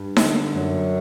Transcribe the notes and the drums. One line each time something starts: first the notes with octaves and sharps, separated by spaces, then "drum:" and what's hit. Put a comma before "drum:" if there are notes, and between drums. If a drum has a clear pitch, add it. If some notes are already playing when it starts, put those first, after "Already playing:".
Already playing: G2
D3, drum: snare D#4
F#2